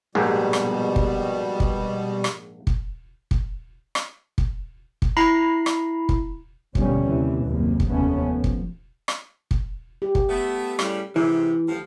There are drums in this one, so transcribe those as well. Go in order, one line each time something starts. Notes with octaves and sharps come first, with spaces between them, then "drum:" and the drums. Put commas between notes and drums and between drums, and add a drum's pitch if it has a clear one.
A#1 G#2 B2 G3
drum: rim click
drum: kick
drum: kick
drum: rim click
drum: kick
drum: kick
drum: rim click
drum: kick
drum: kick
E4 A#5 B5 C7
drum: rim click
drum: kick
D#2 B2 D3 F3 G3 C#4, drum: kick
D#2 C3 E3
F#1 D#2 G#2 C3 A#3
drum: kick
F1 D#2 C#3 A3 B3 C#4
F3
drum: kick
drum: rim click
drum: kick
G4
drum: kick
A3 B3
A2 C#3 G3, drum: rim click
G#2 C3 E3
D2 G2 F3